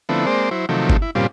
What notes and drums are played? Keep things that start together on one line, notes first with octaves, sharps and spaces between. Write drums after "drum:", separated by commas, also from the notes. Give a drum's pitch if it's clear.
D3 F3 A3 B3 C4 E4
G#3 A#3 C4 C5 D5
F#3 E4 C5
C3 D#3 F3 F#3 A3
drum: kick G1
E4
G2 A#2 C#3 G3 C4 F4